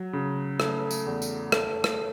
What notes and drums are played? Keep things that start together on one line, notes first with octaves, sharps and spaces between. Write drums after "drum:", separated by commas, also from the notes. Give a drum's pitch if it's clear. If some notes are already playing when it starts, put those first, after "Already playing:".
Already playing: F#3
C#3
A3, drum: rim click
drum: tambourine
E2
drum: tambourine
A3, drum: rim click
drum: rim click